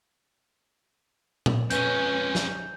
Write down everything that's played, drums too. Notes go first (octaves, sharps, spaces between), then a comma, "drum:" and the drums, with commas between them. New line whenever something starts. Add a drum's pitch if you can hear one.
drum: tom A#2
F2 G#3 C#4 B4 G6, drum: hi-hat
drum: snare